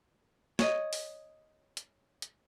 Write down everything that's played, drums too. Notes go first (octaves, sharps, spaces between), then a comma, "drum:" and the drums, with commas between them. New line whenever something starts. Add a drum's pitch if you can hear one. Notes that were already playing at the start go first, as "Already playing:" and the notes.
C#5 D#5, drum: snare
drum: open hi-hat
drum: hi-hat
drum: hi-hat